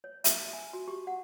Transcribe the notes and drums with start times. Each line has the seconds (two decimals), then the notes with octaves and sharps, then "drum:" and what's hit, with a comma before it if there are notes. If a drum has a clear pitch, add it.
0.04 C#5
0.24 E5, drum: hi-hat
0.53 G#5
0.73 F#4
0.88 G4
1.07 F#5